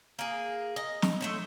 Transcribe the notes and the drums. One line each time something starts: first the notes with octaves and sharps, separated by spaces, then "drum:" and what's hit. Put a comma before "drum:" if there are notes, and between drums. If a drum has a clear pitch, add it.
A#3 G#4
D#5
drum: snare
A3 C5 C#5